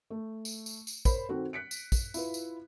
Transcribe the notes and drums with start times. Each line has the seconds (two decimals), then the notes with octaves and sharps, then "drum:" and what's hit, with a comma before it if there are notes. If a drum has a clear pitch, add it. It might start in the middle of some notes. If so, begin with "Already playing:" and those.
0.10 A3
0.45 drum: tambourine
0.66 drum: tambourine
0.87 drum: tambourine
1.05 A#4 C5 C#5 B5, drum: kick, tambourine
1.29 D#3 C4 F#4 A4
1.53 F#6 B6 C#7 D7
1.71 drum: tambourine
1.92 drum: kick, tambourine
2.14 E4 F4 B4, drum: tambourine
2.34 drum: tambourine